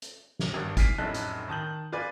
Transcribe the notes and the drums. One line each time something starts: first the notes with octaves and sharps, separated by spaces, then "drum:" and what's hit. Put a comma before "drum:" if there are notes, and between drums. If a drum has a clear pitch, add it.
drum: hi-hat
drum: snare
G#1 G2
G#5 F6 B6 C7 D7 D#7, drum: kick, hi-hat
F1 F#2 A2 D#4 A5 F#6
drum: hi-hat
D#3 A5 D#6 G6 F#7
F4 B4 D5 G#5